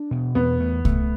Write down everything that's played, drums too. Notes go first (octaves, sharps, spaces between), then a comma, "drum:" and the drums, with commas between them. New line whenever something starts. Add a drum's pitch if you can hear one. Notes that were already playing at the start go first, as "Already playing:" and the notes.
Already playing: D4
B2
E2 B3
A3
A3, drum: kick C2